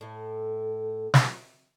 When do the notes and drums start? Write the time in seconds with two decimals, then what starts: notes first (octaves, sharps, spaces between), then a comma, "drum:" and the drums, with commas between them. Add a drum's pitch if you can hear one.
0.01 A2 A3
1.14 drum: snare